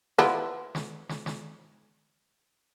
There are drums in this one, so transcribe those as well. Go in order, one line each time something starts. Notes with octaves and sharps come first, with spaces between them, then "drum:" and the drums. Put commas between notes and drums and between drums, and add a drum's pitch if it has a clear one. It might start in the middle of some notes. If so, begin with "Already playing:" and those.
B3 E4 F4, drum: snare
drum: snare
drum: snare
drum: snare